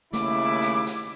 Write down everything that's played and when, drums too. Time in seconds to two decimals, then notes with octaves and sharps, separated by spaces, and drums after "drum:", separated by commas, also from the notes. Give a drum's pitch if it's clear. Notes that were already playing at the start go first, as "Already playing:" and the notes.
0.13 D#2 C#3 A3 A#3 E4 D6, drum: hi-hat
0.62 drum: hi-hat
0.87 drum: hi-hat